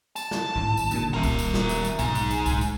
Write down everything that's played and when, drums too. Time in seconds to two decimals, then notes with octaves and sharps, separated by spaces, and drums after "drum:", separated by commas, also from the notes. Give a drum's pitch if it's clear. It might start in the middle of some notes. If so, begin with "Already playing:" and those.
0.16 A5, drum: tambourine
0.31 drum: snare
0.55 G#1 A2
0.77 drum: tambourine
0.91 D#2 A#2 D3, drum: tambourine
1.14 D#1 A#4 E5
1.23 drum: kick, tambourine
1.39 drum: tambourine
1.54 drum: snare
1.69 drum: tambourine
1.85 drum: tambourine
1.99 B1 G#2, drum: tambourine
2.15 drum: tambourine
2.31 drum: tambourine
2.46 drum: kick, tambourine
2.61 drum: tambourine